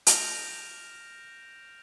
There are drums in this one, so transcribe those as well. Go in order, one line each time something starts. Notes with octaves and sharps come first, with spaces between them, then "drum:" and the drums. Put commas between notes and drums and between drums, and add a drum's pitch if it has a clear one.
F6 G6 A#6 D7 E7 F7, drum: hi-hat